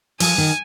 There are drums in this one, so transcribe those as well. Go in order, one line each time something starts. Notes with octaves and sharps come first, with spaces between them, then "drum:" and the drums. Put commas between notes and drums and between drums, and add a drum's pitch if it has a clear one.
F3 G#5, drum: open hi-hat
D#3